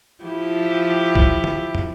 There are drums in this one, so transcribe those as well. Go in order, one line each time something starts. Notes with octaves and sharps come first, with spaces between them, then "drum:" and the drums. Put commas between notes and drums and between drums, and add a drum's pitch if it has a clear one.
F3 E4 G4
drum: kick A#1
drum: tom
drum: tom